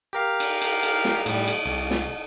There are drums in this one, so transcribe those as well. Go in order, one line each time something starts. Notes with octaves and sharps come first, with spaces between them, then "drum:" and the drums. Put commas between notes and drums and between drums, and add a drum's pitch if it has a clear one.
G4 A#4 F5
drum: cymbal
drum: cymbal
drum: cymbal
drum: snare
A2 G3, drum: cymbal
drum: cymbal
C2
drum: snare